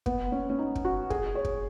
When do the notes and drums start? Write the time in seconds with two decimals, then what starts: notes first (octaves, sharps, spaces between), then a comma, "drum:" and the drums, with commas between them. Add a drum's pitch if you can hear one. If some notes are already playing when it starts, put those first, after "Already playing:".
0.06 B3, drum: kick
0.32 C#4
0.50 C#4
0.59 D#4
0.75 drum: kick
0.85 F#4
1.10 G#4, drum: kick
1.35 C#5
1.45 drum: kick